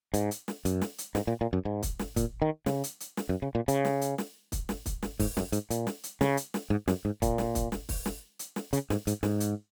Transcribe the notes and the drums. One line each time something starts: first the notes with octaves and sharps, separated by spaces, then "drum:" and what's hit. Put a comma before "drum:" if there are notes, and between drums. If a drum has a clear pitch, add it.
G#2, drum: hi-hat
drum: hi-hat
drum: snare
F#2, drum: hi-hat
drum: snare
drum: hi-hat
G#2, drum: snare
A#2
A#2
F#2
G#2
drum: kick, hi-hat
drum: snare
A#2, drum: kick, hi-hat
D#3
C#3, drum: snare
drum: hi-hat
drum: hi-hat
drum: snare
F#2
C#3
A#2
C#3, drum: hi-hat
drum: snare
drum: hi-hat
drum: snare
drum: kick, hi-hat
drum: snare
drum: kick, hi-hat
drum: snare
G#2, drum: kick, open hi-hat
F#2, drum: snare
G#2, drum: hi-hat
A#2, drum: hi-hat
drum: snare
drum: hi-hat
C#3, drum: snare
drum: hi-hat
drum: snare
G#2
F#2, drum: snare
G#2
A#2, drum: kick, hi-hat
drum: snare
drum: kick, hi-hat
drum: snare
drum: kick, open hi-hat
drum: snare
drum: hi-hat
drum: snare
C#3, drum: hi-hat
G#2, drum: snare
G#2, drum: hi-hat
G#2, drum: snare
drum: hi-hat